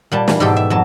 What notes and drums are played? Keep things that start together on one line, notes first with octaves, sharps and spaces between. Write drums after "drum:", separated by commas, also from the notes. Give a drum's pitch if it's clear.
A#2 G3 A5
E3, drum: snare
G#2 B2 G4 A4
E5
F2 F#3 A5